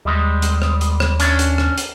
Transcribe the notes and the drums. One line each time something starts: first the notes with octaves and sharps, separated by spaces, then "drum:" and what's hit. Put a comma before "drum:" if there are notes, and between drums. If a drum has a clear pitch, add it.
D#2 G3 G#3
drum: hi-hat
drum: rim click
drum: hi-hat
drum: rim click
C#4 D4, drum: hi-hat
drum: hi-hat
drum: rim click
drum: hi-hat